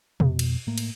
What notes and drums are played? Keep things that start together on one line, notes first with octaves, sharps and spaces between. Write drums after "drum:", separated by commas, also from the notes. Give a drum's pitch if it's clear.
F2 B2, drum: tom B2
drum: cymbal
A2 A3 A#3
drum: cymbal